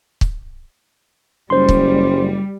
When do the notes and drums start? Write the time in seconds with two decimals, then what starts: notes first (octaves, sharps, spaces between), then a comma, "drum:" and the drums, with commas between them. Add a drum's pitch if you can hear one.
0.21 drum: kick
1.50 F#1 G3 C#4 C5 C6
1.69 drum: kick